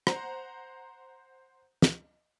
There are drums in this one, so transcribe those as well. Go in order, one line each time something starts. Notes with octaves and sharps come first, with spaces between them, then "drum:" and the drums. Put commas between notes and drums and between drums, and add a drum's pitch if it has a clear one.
C5 F#5 A#5, drum: rim click
drum: snare